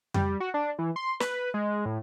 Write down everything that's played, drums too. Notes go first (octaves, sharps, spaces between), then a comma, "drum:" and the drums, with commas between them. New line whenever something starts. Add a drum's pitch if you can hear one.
G3, drum: tom F2
F#4
D4
E3
C6
B4, drum: snare
G#3
A2